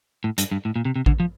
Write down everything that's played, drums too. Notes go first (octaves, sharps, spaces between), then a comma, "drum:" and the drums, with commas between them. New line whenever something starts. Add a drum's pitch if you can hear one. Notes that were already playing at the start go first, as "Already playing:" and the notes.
A2
G2, drum: hi-hat
G2
A2
A#2
C3
C3
D3, drum: kick A1
F3